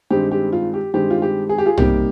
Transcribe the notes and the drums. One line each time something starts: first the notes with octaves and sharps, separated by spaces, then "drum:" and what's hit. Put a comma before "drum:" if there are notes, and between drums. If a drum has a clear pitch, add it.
G2 D#3 G#3 C4 D#4 G4
G4
F4
G4
G2 D#3 G#3 C4 D#4 G4
F4
G4
G#4
G4
F4 G#4
C3 G3 A#3 D#4 G4, drum: tom